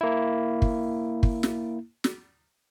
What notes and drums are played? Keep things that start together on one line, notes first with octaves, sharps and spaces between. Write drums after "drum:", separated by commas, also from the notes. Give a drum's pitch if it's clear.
A#3 E4
drum: kick
drum: kick
drum: snare
drum: snare